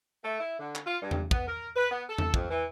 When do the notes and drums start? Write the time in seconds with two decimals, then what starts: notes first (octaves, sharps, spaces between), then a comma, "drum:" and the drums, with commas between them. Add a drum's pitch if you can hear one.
0.24 A3
0.40 E4
0.59 D3
0.75 drum: clap
0.86 F4
1.02 G2
1.11 drum: tom E2
1.31 B3, drum: kick
1.47 A#4
1.76 B4
1.91 B3
2.09 A4
2.18 drum: tom E2
2.34 F2, drum: kick
2.51 E3